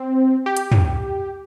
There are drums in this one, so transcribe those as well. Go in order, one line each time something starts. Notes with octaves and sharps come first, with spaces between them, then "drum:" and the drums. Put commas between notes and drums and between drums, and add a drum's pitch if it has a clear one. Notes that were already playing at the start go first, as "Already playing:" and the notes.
Already playing: C4
G4
drum: hi-hat
drum: tom